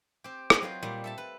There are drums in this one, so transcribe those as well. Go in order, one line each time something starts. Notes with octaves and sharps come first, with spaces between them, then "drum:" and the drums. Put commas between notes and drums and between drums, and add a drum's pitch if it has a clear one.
C4 G4
B4 D#5, drum: rim click
F#3 C4 F4 C5
A#2 G3
A4 E5 A5
B4